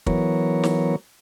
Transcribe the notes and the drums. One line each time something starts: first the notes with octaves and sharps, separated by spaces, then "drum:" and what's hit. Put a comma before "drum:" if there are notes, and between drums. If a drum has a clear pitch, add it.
E3 F#3 B3 A#4 C#5, drum: kick
drum: snare